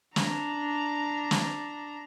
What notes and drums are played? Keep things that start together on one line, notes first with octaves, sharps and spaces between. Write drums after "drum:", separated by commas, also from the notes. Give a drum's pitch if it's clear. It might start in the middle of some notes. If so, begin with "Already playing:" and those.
D4 A#5, drum: snare
drum: snare